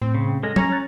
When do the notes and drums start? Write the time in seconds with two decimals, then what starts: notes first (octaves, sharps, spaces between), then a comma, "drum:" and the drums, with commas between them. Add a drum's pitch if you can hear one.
0.02 A2 C4
0.14 C#3
0.43 G#3 C#4 A4 A#6
0.56 C#4 C#5 A#5, drum: tom
0.72 F#6 A6